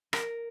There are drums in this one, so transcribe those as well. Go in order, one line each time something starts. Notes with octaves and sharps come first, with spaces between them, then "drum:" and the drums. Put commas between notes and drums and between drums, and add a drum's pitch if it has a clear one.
A#4, drum: rim click